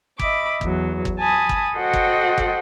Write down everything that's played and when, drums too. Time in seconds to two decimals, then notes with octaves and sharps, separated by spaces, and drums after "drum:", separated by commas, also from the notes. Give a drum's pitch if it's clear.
0.19 D#5 E5 B5 D6, drum: kick
0.61 E2 F#3, drum: kick
1.05 drum: kick
1.18 G#5 A5 B5 D#6
1.49 drum: kick
1.77 F#4 A4 C5 D#5 F#5 G5
1.93 drum: kick
2.38 drum: kick